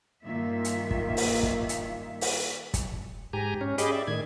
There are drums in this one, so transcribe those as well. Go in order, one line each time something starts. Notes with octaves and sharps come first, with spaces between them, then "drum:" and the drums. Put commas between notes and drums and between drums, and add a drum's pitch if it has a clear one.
G2 A#2 D#3 A#3 F4 E5
drum: hi-hat
drum: kick
drum: open hi-hat
drum: kick
drum: hi-hat
drum: open hi-hat
drum: kick, hi-hat
G#2 G4 G#5 A#5
C#4
G4 G#4 D#5 B5 D6, drum: hi-hat
D5 E5
A2 D#3 G#6